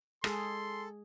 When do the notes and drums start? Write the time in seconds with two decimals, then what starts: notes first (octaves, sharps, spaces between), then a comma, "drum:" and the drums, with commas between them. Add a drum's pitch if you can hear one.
0.24 G#3 G#4 A4 C6, drum: rim click